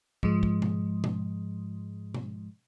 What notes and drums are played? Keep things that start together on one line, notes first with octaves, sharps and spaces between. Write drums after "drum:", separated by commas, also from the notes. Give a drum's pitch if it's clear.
G#2 F3 G#3, drum: kick
drum: kick
drum: tom B2
drum: tom B2
drum: tom B2